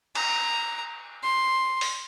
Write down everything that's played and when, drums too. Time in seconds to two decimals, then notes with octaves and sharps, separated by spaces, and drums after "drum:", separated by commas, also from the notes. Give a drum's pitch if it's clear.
0.15 A#5, drum: cymbal
1.23 C6
1.81 drum: open hi-hat